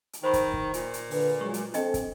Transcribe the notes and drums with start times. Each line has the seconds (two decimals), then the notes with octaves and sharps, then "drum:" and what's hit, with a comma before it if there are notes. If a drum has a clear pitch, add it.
0.13 drum: hi-hat
0.23 D#3 C5 B5 C#6
0.33 drum: kick, hi-hat
0.53 drum: kick
0.74 A#2, drum: hi-hat
0.94 drum: hi-hat
1.11 D3 B4, drum: open hi-hat
1.41 F#3 G#3 C#6
1.54 drum: hi-hat
1.74 C4 D4 A4 D#5 G5, drum: hi-hat
1.94 drum: kick, hi-hat